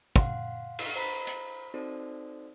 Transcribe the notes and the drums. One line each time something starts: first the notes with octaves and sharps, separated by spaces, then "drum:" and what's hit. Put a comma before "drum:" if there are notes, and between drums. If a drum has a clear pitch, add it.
F5 F#5 C6, drum: kick
drum: cymbal
C5 A#5 B5 B6
drum: hi-hat
C4 D#4 F#4 A4 C5 D5